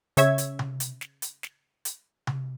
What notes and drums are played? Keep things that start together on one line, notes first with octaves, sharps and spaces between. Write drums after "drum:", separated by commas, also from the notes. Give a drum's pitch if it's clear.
C#3 C#5 E5 G#6, drum: hi-hat
drum: hi-hat
drum: tom C3
drum: hi-hat
drum: snare
drum: hi-hat
drum: snare
drum: hi-hat
drum: tom C3